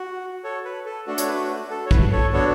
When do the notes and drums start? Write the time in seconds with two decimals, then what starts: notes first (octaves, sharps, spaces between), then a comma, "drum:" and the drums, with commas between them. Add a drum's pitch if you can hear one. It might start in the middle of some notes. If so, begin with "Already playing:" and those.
Already playing: F#4
0.44 A4 C#5
0.65 B4
0.86 A4
1.07 A3 D4 F#4 A4
1.18 C#5, drum: hi-hat
1.28 B4
1.70 A4
1.86 C#5
1.91 B4, drum: kick
2.12 A4 C#5
2.33 B3 D4 F#4 A4 C#5